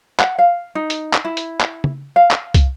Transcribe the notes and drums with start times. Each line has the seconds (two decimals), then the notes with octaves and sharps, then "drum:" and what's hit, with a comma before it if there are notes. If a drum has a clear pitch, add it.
0.20 F#5, drum: clap
0.39 F5
0.75 D#4
0.90 drum: hi-hat
1.13 drum: clap
1.25 E4
1.37 drum: hi-hat
1.60 drum: clap
1.84 drum: tom
2.16 F5
2.31 drum: clap
2.54 drum: kick, hi-hat